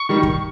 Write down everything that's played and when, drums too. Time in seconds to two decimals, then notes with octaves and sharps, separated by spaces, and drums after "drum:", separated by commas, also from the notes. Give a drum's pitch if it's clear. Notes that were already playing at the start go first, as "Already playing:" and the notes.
Already playing: C#6
0.09 D#3 G3
0.23 drum: kick